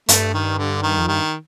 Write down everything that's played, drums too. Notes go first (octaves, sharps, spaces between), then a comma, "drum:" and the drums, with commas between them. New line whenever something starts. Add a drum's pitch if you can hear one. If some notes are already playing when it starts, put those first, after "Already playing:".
G2 A3, drum: hi-hat
D#3
D3
D#3
F2
G2 D#3